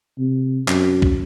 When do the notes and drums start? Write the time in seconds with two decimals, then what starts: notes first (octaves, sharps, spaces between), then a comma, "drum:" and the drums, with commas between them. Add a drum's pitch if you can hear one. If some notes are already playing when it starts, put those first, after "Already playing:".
0.19 C3
0.68 F#2, drum: clap
1.02 drum: kick